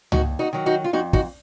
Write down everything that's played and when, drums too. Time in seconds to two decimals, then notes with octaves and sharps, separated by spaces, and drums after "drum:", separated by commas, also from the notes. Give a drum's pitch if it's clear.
0.12 D#2 D#4 F#4, drum: tom C#2
0.39 D#4 F#4
0.53 D#3 F#3
0.66 D#4 F#4
0.84 F4
0.93 F2 D#4 F#4
1.13 D#4 F#4, drum: kick